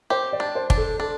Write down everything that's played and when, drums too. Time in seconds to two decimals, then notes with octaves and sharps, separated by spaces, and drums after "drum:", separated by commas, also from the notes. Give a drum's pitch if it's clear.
0.10 G4 C5
0.33 D5
0.40 D4
0.55 C5
0.70 D4, drum: kick
0.77 A4
0.99 D4 A4